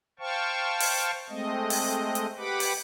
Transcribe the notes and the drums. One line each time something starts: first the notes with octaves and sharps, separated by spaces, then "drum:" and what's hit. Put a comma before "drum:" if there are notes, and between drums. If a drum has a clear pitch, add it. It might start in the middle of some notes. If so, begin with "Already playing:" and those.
C5 F5 G5 A5 C#6
drum: open hi-hat
G#3 A3 C4 D#5
drum: open hi-hat
drum: hi-hat
G4 B4 F#5 B5 D6
drum: open hi-hat